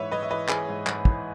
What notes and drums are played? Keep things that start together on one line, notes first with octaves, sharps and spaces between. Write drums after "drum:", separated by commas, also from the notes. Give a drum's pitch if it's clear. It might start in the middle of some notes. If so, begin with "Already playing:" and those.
Already playing: G#2 E3 B4 C#5 E5
G#2 B4 D#5
E5
E3 B4 D#5
E3 G#4 B4, drum: clap
G#2
G#2, drum: clap
E3, drum: kick